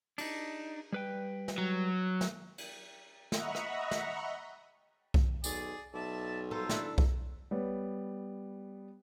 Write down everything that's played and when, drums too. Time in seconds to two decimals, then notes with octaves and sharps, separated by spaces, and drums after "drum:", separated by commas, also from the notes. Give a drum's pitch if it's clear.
0.18 D4 D#4, drum: cymbal
0.92 G3 B4 G5
1.48 drum: snare
1.58 F#3
2.21 drum: snare
2.58 drum: cymbal
3.32 D#5 E5 F#5 A#5 B5 C#6, drum: snare
3.55 drum: rim click
3.91 drum: snare
5.14 drum: kick B1
5.44 B1 G#4 D5, drum: tambourine
5.94 B1 D5 E5 A5
6.51 F4 A4 A#4 C5
6.69 D4 E4 A4, drum: snare
6.98 drum: kick B1
7.51 G3 B3 C#5